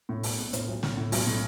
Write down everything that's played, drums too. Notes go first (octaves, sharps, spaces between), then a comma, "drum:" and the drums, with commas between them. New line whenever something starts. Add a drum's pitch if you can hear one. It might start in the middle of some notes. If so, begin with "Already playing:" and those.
A2
B1, drum: open hi-hat
B3
A2, drum: hi-hat
B1
A2, drum: snare
A2
B1, drum: open hi-hat
A2